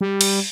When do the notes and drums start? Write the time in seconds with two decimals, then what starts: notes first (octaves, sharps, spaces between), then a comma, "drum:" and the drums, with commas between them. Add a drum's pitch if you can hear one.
0.01 G3
0.21 drum: cymbal